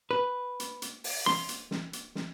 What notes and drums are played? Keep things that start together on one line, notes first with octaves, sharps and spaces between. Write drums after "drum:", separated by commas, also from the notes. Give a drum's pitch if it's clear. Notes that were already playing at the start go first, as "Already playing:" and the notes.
B4
drum: hi-hat
drum: hi-hat
drum: open hi-hat
C6, drum: snare
drum: hi-hat
drum: snare
drum: hi-hat
drum: snare